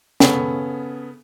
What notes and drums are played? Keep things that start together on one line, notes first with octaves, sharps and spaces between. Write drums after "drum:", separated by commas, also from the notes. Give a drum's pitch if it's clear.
C#3 B3 C#4 A4, drum: snare